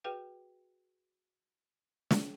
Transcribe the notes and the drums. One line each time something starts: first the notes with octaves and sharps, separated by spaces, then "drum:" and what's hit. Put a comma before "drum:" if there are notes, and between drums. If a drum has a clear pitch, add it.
F#4 G#4 B4 G5
drum: snare